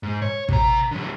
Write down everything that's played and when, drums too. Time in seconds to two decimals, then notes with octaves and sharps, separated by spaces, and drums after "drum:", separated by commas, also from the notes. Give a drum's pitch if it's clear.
0.03 G#2
0.22 C#5
0.49 C3 A#5, drum: kick
0.91 D3 F#3